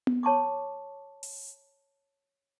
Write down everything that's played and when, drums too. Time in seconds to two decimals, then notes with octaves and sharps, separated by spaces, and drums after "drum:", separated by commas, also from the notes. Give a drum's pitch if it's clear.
0.07 drum: tom B3
0.23 C#5 A5 C#6 D6
1.23 drum: open hi-hat